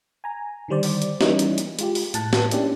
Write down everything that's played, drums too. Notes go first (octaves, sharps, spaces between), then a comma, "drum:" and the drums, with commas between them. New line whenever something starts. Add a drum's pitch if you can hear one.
G#5 A#5
D3 D#3 G3 C5 D5
drum: open hi-hat
drum: hi-hat
E3 G3 A#3 C#4 D#4 E4, drum: snare
drum: hi-hat
drum: hi-hat
G#3 F4 G4, drum: hi-hat
drum: open hi-hat
A2 A5 F#6, drum: hi-hat
drum: snare
A#3 C#4 D4 E4 G4, drum: hi-hat